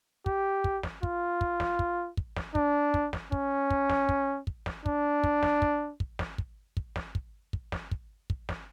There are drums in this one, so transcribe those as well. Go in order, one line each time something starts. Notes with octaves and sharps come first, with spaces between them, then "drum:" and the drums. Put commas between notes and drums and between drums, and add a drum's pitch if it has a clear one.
G4, drum: kick
drum: kick
drum: snare
F4, drum: kick
drum: kick
drum: snare
drum: kick
drum: kick
drum: snare
D4, drum: kick
drum: kick
drum: snare
C#4, drum: kick
drum: kick
drum: snare
drum: kick
drum: kick
drum: snare
D4, drum: kick
drum: kick
drum: snare
drum: kick
drum: kick
drum: snare
drum: kick
drum: kick
drum: snare
drum: kick
drum: kick
drum: snare
drum: kick
drum: kick
drum: snare